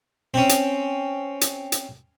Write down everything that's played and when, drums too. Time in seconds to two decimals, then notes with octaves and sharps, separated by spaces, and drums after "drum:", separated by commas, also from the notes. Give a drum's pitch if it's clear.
0.34 C4 C#4
0.49 drum: hi-hat
1.41 drum: hi-hat
1.72 drum: hi-hat